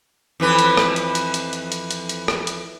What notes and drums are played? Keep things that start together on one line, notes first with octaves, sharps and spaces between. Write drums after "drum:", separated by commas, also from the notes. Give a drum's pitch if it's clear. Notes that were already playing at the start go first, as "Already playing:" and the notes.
F2 E3 B4
drum: hi-hat
drum: rim click
drum: hi-hat
drum: hi-hat
drum: hi-hat
drum: hi-hat
drum: hi-hat
drum: hi-hat
drum: hi-hat
drum: rim click
drum: hi-hat